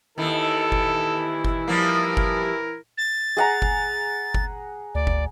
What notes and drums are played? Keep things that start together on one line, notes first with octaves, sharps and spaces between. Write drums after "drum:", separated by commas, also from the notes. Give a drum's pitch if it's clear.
D#2 D#3 E3 E4 A4
drum: kick F#1
drum: kick F#1
F3 G3 A#3 A#4
drum: kick F#1
A6
G#4 F#5 A#5
drum: kick F#1
drum: kick F#1
D2 D5
drum: kick F#1